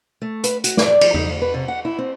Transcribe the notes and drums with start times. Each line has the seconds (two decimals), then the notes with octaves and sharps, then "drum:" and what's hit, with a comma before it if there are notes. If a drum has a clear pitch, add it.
0.22 A3
0.44 B4, drum: hi-hat
0.64 F#4, drum: hi-hat
0.77 D5, drum: snare
1.01 F3, drum: cymbal
1.14 D#4, drum: tom E2
1.30 D2
1.42 B4
1.54 C3
1.68 F#5
1.85 E4
1.98 C4